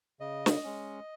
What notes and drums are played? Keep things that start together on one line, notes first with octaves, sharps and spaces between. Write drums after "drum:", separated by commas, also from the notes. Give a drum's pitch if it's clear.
C#3 D#5
drum: snare
G#3 C#4